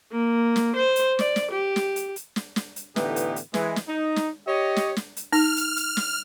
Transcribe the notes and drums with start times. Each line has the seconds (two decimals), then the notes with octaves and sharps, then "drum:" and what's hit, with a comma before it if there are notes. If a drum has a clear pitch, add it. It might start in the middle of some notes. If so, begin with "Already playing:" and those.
0.12 A#3
0.56 drum: snare
0.76 C5
0.96 drum: hi-hat
1.19 D5, drum: snare
1.36 drum: snare
1.51 G4
1.76 drum: snare
1.96 drum: hi-hat
2.16 drum: hi-hat
2.36 drum: snare
2.56 drum: snare
2.76 drum: hi-hat
2.96 A2 D3 E3 B3 D#4 G4, drum: snare
3.16 drum: hi-hat
3.36 drum: hi-hat
3.54 E3 G#3, drum: snare
3.76 drum: snare
3.88 D#4
4.16 drum: snare
4.48 G4 C#5 D#5
4.76 drum: snare
4.96 drum: snare
5.17 drum: hi-hat
5.33 D#4 F6
5.57 drum: hi-hat
5.77 drum: hi-hat
5.97 drum: snare